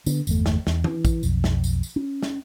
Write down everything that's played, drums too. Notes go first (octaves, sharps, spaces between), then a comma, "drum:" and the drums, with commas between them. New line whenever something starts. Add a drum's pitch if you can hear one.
D3 B3, drum: tambourine
G1 E2 A3, drum: tambourine
drum: snare
E2, drum: snare
E3, drum: tom E3
drum: kick, tambourine
B1 F2, drum: tambourine
drum: snare
drum: tambourine
drum: tambourine
C#4
drum: snare